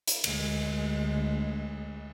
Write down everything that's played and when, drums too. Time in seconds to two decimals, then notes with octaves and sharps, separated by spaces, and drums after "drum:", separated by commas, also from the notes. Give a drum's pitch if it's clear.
0.08 drum: hi-hat
0.24 D2 G#3, drum: cymbal